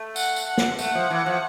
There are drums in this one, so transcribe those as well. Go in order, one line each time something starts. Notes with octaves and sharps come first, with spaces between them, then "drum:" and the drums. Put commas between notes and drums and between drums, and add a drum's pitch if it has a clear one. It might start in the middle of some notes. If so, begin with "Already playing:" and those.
Already playing: A3
F#5, drum: tambourine
drum: tambourine
F#5
drum: snare
A3 F#5, drum: tambourine
F3
E3
F3